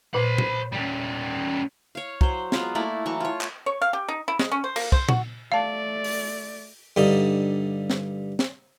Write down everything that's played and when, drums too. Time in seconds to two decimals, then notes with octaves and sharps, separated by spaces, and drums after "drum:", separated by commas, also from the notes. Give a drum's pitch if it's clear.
0.14 A#2 B4 C5 B5
0.38 drum: tom A#2
0.72 G3 C#4
1.95 C#5 F5
2.21 F#3 C5, drum: kick
2.52 F#3 G#3 B3 F4, drum: snare
2.75 A3 A#3 E4 D5
3.06 E3 F#3 A5 C#6
3.20 F4 C#5
3.41 drum: clap
3.66 C#5
3.82 F5
3.93 G4
4.08 D#4
4.28 E4
4.39 G#3, drum: snare
4.52 C#4
4.64 C5
4.76 A#3, drum: cymbal
4.92 C5, drum: kick
5.09 F#4, drum: tom A#2
5.52 A3 D5 F5 A5
6.04 drum: open hi-hat
6.96 G2 D3 D#4
7.90 drum: snare
8.39 drum: snare